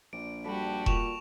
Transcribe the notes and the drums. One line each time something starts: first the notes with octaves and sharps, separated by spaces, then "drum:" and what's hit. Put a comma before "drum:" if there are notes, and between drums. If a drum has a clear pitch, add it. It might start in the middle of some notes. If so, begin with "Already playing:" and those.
A#1 D5 D7
G3 F#4 G4 A4 D5 B5
A#2 C#6 E7 F7, drum: kick E1